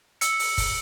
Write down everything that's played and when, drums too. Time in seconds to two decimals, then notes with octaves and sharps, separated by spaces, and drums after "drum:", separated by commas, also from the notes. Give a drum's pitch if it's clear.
0.21 E6 C#7, drum: hi-hat
0.39 drum: open hi-hat
0.58 drum: kick F#1, open hi-hat